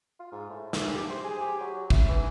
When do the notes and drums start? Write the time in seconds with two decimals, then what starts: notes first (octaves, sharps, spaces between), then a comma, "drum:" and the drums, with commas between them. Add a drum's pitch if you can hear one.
0.19 F4
0.32 G#2
0.50 A2
0.73 E3, drum: snare
0.95 G4
1.10 C5
1.24 G#4
1.41 G4
1.60 F#3
1.90 E4, drum: kick
2.09 E3